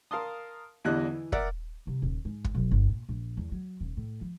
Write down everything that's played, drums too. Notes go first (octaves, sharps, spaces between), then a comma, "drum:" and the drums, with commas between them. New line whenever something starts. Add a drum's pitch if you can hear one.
A#4 F5 A5 C6 D#6
E2 D3 G3 E4 D#5 F#6
E3
A#4 D5 E5 F#5, drum: kick
C2
D#1
G#2
drum: kick
B1
G1
A#2
A#1
E2
F#3
D#1
A2
F3